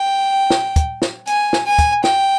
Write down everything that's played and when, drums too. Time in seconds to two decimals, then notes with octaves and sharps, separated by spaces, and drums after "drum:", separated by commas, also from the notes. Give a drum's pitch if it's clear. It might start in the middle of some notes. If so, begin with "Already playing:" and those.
Already playing: G5
0.50 drum: snare
0.76 drum: kick, hi-hat
1.02 drum: snare
1.27 G#5, drum: hi-hat
1.53 drum: snare
1.66 G#5
1.79 drum: kick, hi-hat
2.04 G5, drum: snare